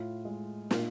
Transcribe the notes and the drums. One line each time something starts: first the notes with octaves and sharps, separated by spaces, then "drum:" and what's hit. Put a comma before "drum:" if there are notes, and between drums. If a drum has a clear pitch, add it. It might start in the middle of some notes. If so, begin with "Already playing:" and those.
Already playing: A2 F4
G#3
A#2 F4, drum: snare